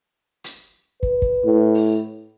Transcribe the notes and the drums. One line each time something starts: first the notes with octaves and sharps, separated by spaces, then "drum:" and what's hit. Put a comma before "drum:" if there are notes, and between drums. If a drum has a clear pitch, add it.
drum: hi-hat
B4, drum: kick
drum: kick
A2
drum: open hi-hat